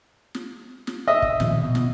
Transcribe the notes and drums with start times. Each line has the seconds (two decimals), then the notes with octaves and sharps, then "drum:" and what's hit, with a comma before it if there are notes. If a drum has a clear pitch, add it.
0.35 drum: snare
0.87 drum: snare
1.07 D#5 E5
1.22 drum: kick
1.40 A#2 D#3 F3, drum: snare
1.63 B2 B3
1.75 drum: snare